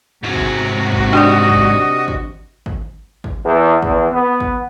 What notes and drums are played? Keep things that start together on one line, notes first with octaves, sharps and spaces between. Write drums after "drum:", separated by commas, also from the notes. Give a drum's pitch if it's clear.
G#2 C3 F#3 F#4
drum: kick
drum: kick
D4 G4 D5 D#5
drum: kick
drum: kick
drum: kick
drum: kick
E2
E2, drum: kick
B3
drum: kick